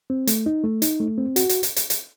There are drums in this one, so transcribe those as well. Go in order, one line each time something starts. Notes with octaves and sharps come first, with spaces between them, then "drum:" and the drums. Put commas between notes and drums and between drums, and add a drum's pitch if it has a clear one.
C4
A3, drum: hi-hat
D#4
A3
D#4, drum: hi-hat
A3
C4
F#4, drum: hi-hat
drum: hi-hat
drum: hi-hat
drum: hi-hat
drum: hi-hat